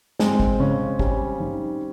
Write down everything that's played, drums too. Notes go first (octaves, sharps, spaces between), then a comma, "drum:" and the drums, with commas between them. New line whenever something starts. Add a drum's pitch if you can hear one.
G#3 C4, drum: snare
drum: kick
C#3 C#4
G3 C#4, drum: kick
D#3